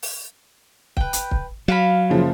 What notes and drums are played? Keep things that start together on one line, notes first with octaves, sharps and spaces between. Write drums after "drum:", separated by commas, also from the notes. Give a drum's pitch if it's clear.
drum: open hi-hat
B4 G5, drum: kick
drum: hi-hat
drum: kick
F#3 F5 F#5 B5
F#1 C#3 F3